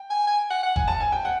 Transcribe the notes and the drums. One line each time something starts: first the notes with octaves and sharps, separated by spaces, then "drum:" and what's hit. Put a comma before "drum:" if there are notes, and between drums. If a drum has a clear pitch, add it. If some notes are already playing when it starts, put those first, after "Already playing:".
Already playing: G5
G#5
G#5
F#5
F#5
G#5, drum: kick F#1
A5
G#5
G5
F#5